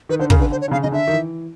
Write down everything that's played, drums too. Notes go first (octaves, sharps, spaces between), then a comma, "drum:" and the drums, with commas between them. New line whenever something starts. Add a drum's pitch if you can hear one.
D#3 B4
D3 C5
C#3 A#4, drum: kick
D3 B4
D3 C5
C#5
D3
C#3 F5
C#3 D#5
D3 E5
D#3
E3